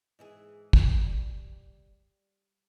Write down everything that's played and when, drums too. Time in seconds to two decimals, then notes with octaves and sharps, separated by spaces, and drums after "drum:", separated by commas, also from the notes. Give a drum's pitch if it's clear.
0.19 G#2 E3 G#4
0.73 G3, drum: kick